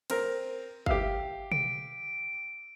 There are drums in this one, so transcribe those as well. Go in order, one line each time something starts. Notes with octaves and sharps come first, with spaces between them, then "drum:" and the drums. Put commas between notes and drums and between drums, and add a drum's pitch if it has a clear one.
C4 A#4, drum: cymbal
G4 E5 F5, drum: kick
D7, drum: tom